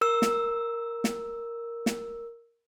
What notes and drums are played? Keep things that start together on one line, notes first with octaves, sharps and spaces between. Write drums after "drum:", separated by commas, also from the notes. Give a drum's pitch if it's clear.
A#4 E6
drum: snare
drum: snare
drum: snare